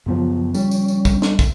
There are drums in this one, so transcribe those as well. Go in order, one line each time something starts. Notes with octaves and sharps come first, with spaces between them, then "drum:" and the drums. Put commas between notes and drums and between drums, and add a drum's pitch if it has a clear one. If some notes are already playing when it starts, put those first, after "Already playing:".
C#2 F#2 F3 B3
G3 C#4, drum: tambourine
drum: tambourine
drum: tambourine
drum: kick, tambourine
drum: snare
drum: kick, tambourine